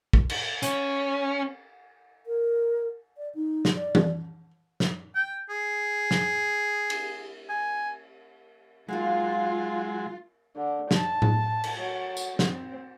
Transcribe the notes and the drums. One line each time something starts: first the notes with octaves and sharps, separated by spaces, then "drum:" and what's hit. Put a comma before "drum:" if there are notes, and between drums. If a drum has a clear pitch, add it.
drum: kick
drum: cymbal
C#4, drum: hi-hat
A#4
D5
D#4
drum: snare
D5
drum: tom E3
drum: snare
G5
G#4
drum: snare
drum: cymbal
G#5
F#3 G#3 A#3 D#4 F4 F5
D3
A5, drum: snare
drum: tom A2
drum: cymbal
F#3
drum: tambourine
C4, drum: snare